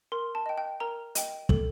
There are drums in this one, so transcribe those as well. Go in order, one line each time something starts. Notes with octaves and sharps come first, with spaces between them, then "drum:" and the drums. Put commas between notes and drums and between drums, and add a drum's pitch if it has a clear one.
A#4 C6
A5
D#5 G5
G5
A#4 A#5
D#5 G5, drum: hi-hat
A4, drum: kick